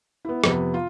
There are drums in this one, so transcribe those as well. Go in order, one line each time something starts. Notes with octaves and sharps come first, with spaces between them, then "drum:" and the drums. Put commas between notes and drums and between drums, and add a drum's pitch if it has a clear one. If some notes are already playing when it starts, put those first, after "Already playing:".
B3 E4
F2 C3 B3, drum: rim click
F4